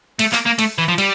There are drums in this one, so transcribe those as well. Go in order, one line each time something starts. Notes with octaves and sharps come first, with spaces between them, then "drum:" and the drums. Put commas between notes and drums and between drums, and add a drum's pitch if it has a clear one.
A3, drum: cymbal
A#3, drum: clap
A#3
A3, drum: cymbal
E3
F3
G3, drum: cymbal